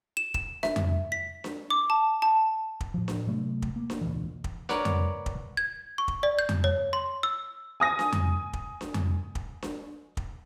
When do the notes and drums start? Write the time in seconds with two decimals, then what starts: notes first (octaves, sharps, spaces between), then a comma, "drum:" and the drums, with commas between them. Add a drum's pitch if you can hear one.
0.17 E7
0.34 E7, drum: kick
0.63 E5, drum: snare D4
0.76 drum: tom F2
1.12 B6
1.44 drum: snare D4
1.70 D6
1.90 A5
2.22 A5
2.80 drum: kick
2.94 A2 F3
3.08 drum: snare D4
3.27 C3 F#3 A3 B3
3.62 drum: kick
3.76 A#3
3.90 drum: snare D4
4.01 E1 C#2 A#2 E3
4.44 drum: kick
4.69 A#4 B4 C#5 D5 F#5, drum: snare D4
4.85 drum: tom F2
5.26 drum: kick
5.57 G#6
5.98 C#6
6.08 drum: kick
6.23 D5
6.39 G6
6.49 drum: tom F2
6.64 C#5
6.93 C6
7.23 E6
7.80 G#5 D#6 A#6
7.99 drum: snare D4
8.12 drum: tom F2
8.53 drum: kick
8.81 drum: snare D4
8.94 drum: tom F2
9.35 drum: kick
9.62 drum: snare D4
10.17 drum: kick